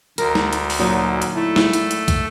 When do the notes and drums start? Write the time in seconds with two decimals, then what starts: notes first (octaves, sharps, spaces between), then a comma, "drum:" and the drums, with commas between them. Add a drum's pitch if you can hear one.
0.18 D2 A#4, drum: hi-hat
0.35 drum: snare
0.53 drum: hi-hat
0.70 drum: open hi-hat
0.79 A#2 F#3 D#4
1.22 drum: hi-hat
1.35 A3 E4
1.56 drum: snare
1.73 drum: hi-hat
1.91 drum: hi-hat
2.08 drum: kick, hi-hat